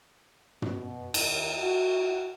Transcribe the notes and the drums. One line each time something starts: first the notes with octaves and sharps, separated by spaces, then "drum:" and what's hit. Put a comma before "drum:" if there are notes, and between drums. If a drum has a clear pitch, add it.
B2, drum: tom
D#2, drum: cymbal
F#4